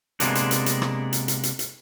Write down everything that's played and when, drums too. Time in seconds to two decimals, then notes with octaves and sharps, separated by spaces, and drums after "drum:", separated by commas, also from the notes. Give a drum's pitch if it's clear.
0.20 C3 G#3 A#3 B3 D4, drum: hi-hat
0.35 drum: hi-hat
0.51 drum: hi-hat
0.66 drum: hi-hat
0.82 drum: rim click
1.13 drum: hi-hat
1.28 drum: hi-hat
1.43 drum: hi-hat
1.59 drum: hi-hat